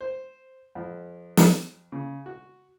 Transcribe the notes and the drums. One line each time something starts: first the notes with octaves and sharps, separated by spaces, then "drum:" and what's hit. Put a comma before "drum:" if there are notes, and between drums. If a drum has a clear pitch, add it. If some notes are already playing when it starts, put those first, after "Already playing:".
C5
F2
drum: snare
C#3
F#4